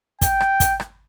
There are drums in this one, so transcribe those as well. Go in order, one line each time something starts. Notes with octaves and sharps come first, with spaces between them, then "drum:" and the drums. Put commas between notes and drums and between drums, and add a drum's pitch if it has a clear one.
G5, drum: kick, hi-hat
drum: rim click
drum: kick, hi-hat
drum: rim click